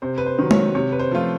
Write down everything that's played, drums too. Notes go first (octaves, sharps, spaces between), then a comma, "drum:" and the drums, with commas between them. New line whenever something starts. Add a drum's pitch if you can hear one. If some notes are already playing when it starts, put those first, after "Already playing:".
C3 C5
B4
C5
D#3 F#3
C#5, drum: tom G#3
C3 C#5
B4
C5
F3 A3 F4